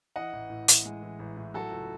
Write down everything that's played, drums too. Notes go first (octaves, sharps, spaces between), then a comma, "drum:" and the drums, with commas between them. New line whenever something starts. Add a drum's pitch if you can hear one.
E3 D#5 F#5
A1
A2
A1, drum: hi-hat
G#3
E3
A1
A2
F#3 F#4 A4
C#2